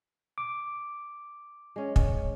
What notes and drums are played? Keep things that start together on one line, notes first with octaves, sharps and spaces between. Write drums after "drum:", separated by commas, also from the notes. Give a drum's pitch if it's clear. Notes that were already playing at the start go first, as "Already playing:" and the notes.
D6
G#3 C#4
C#4, drum: kick